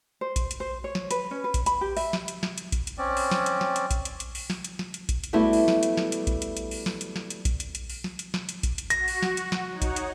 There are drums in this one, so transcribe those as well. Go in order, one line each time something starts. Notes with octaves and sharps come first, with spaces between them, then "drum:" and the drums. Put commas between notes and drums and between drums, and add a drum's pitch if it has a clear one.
C5
drum: kick A#1, hi-hat
drum: hi-hat
C5
C#5
drum: snare
B4, drum: hi-hat
C#4
B4
drum: kick A#1, hi-hat
B5, drum: hi-hat
G4
E5, drum: open hi-hat
drum: snare
drum: hi-hat
drum: snare
drum: hi-hat
drum: kick A#1, hi-hat
drum: hi-hat
C4 C#4 D5
drum: open hi-hat
drum: snare
drum: hi-hat
drum: snare
drum: hi-hat
drum: kick A#1, hi-hat
drum: hi-hat
drum: hi-hat
drum: open hi-hat
drum: snare
drum: hi-hat
drum: snare
drum: hi-hat
drum: kick A#1, hi-hat
drum: hi-hat
G3 A3 B3 E4 F#4
drum: open hi-hat
drum: snare
drum: hi-hat
drum: snare
drum: hi-hat
drum: kick A#1, hi-hat
drum: hi-hat
drum: hi-hat
drum: open hi-hat
drum: snare
drum: hi-hat
drum: snare
drum: hi-hat
drum: kick A#1, hi-hat
drum: hi-hat
drum: hi-hat
drum: open hi-hat
drum: snare
drum: hi-hat
drum: snare
drum: hi-hat
drum: kick A#1, hi-hat
drum: hi-hat
F#4 A#6, drum: hi-hat
drum: open hi-hat
drum: snare
drum: hi-hat
drum: snare
D#4 C#5 F#5
drum: kick A#1, hi-hat
drum: hi-hat